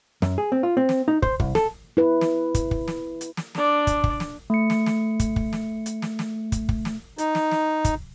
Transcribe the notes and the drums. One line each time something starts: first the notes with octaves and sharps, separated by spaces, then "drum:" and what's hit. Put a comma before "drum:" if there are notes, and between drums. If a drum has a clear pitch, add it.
F#2, drum: snare
G#4
C4
F4
C4
drum: snare
D#4
C5, drum: kick
C2, drum: kick
A4, drum: snare
E4 B4
drum: snare
drum: kick, hi-hat
drum: kick
drum: snare
drum: hi-hat
drum: snare
D4 D5, drum: snare
drum: kick, hi-hat
drum: kick
drum: snare
A3 C#7
drum: snare
drum: snare
drum: kick, hi-hat
drum: kick
drum: snare
drum: hi-hat
drum: snare
drum: snare
drum: kick, hi-hat
drum: kick
drum: snare
D#4, drum: hi-hat
drum: snare
drum: snare
drum: kick, hi-hat